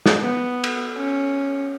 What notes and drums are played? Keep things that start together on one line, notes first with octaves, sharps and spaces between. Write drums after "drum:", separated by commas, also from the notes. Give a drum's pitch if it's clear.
drum: snare
B3
drum: cymbal
C#4